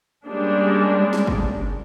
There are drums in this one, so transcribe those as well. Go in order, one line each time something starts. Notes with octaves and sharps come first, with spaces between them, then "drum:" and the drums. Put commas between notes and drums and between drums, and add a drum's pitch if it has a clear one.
G3 G#3 A#3 C#4 D4
drum: snare
drum: kick